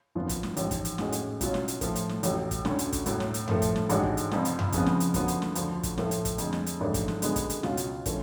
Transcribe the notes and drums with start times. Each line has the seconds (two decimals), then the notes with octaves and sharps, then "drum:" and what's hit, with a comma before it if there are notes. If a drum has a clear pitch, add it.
0.15 G#1 F#2 F3 B3 F4
0.29 drum: kick, hi-hat
0.43 drum: snare
0.57 A1 G#2 F3, drum: hi-hat
0.71 drum: kick, hi-hat
0.85 drum: hi-hat
0.98 A2 G#3 C#4 F#4, drum: snare
1.12 drum: hi-hat
1.41 B1 B2 F#3 C#4 F4, drum: kick, hi-hat
1.54 drum: snare
1.68 drum: hi-hat
1.81 A2 F3 A3, drum: kick, hi-hat
1.96 drum: hi-hat
2.09 drum: snare
2.23 A1 A2 F#3, drum: hi-hat
2.51 drum: kick, hi-hat
2.65 D2 D3 F#3 C#4, drum: snare
2.79 drum: hi-hat
2.92 drum: kick, hi-hat
3.06 B1 A2 F#3, drum: hi-hat
3.20 drum: snare
3.34 drum: hi-hat
3.48 A2 F3 A3, drum: tom F#2
3.62 drum: kick, hi-hat
3.76 drum: snare
3.89 A1 G#2 G#3 D4 F#4, drum: hi-hat
4.03 drum: kick
4.17 drum: hi-hat
4.31 F1 F2 F3, drum: snare
4.45 drum: hi-hat
4.59 drum: tom F#2
4.72 F1 F2 C#3 F3 B3, drum: kick, hi-hat
4.86 drum: snare
5.00 drum: hi-hat
5.14 F#2 D3 F3 B3 F#4, drum: kick, hi-hat
5.28 drum: hi-hat
5.42 drum: snare
5.55 D2 D3 F3, drum: hi-hat
5.83 drum: kick, hi-hat
5.98 A2 F3 A3, drum: snare
6.11 drum: hi-hat
6.25 drum: kick, hi-hat
6.38 F2 D3 G#3, drum: hi-hat
6.53 drum: snare
6.66 drum: hi-hat
6.80 A1 G#2 F3 A3 D4
6.94 drum: kick, hi-hat
7.08 drum: snare
7.22 F#2 D3 G#3 B3, drum: hi-hat
7.36 drum: kick, hi-hat
7.50 drum: hi-hat
7.63 C#2 B2 F#3 C#4 F4, drum: snare
7.77 drum: hi-hat
8.06 D3 F3 A3 C#4, drum: kick, hi-hat